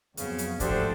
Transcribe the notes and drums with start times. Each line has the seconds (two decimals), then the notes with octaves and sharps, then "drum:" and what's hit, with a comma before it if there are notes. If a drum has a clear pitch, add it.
0.17 F2 C#3 F#3 B3, drum: hi-hat
0.38 drum: hi-hat
0.60 A1 D2 G#2 F3 D4 G4 A4 C5, drum: kick, hi-hat